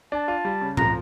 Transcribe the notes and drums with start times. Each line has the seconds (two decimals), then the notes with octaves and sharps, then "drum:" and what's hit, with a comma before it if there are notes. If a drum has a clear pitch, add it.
0.12 D4 A5
0.28 F4
0.45 G3
0.61 C#3
0.77 F3 A#5, drum: tom A#2